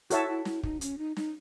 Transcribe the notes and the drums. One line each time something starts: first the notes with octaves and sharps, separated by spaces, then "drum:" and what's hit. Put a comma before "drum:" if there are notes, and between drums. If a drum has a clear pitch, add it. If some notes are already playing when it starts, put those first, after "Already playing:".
E4 F#4 A4 C#5 E5 A5, drum: hi-hat
E4
E4, drum: snare
D#4, drum: kick
C#4, drum: hi-hat
D#4
D#4, drum: snare